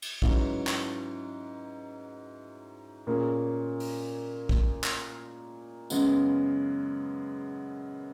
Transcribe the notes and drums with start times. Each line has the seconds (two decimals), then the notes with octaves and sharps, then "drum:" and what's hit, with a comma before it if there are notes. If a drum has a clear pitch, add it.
0.02 drum: cymbal
0.22 G#2 F#3 C#4 E4 B4, drum: kick
0.67 drum: clap
3.07 A#2 A#3 C#4 G#4
3.80 drum: open hi-hat
4.49 drum: kick
4.84 drum: clap
5.90 F#2 C#3 G#3 B3, drum: tambourine